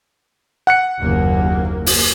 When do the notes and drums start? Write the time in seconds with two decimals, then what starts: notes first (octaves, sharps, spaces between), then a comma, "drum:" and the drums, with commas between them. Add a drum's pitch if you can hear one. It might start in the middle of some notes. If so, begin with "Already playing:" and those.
0.67 F#5 F#6 C#7
1.00 F#1 D#2 A#3
1.86 drum: open hi-hat